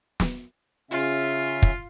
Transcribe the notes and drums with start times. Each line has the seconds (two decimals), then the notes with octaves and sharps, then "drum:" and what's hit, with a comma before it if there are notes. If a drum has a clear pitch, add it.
0.20 drum: snare
0.91 C#3 C#4 F4 E5
1.62 drum: kick